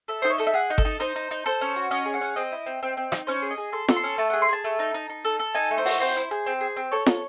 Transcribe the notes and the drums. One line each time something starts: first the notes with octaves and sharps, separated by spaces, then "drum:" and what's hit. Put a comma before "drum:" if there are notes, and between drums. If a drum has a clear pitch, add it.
A4 E5
D#4 C5
C#5
A4 D#5
E5
G#4 F#5
D#4
A4, drum: kick G1
D#4
D#4 C5
D#4
D#4
A4 C5
C#4
F#4
C#4 D#5
G#4
F#5
C#4
C4 D#5
E4
C4
C4
C4
D#4, drum: rim click
C#4 C5
G#4
D#5
G#4
A4 C6
A4, drum: snare
C6
C#4
A3 A5
G#4 F#5
C6
G#4 A5
A3
D#4
D#4
D#4
A4
A4
D#4 G#5
A3
C5
F#4, drum: open hi-hat
C4 C5
E4
G#4
C4
G#4
C4
A4 C#5
A4, drum: snare